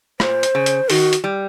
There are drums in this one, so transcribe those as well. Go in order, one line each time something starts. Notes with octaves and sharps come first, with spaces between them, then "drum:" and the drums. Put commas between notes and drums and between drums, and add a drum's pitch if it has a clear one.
A#2 C5, drum: rim click
drum: hi-hat
C#3
drum: hi-hat
D#3 F#4, drum: open hi-hat
drum: hi-hat
G3